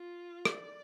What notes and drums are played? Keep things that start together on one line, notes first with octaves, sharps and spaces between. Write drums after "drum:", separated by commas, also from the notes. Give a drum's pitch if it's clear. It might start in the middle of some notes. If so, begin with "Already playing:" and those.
Already playing: F4
D5, drum: rim click